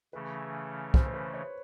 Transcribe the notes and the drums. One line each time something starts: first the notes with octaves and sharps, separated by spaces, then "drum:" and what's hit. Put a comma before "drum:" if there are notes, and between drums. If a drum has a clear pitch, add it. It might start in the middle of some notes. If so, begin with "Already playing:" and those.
C#3 E3 A3 C#4 B4
C5, drum: kick
C5
B4
C#5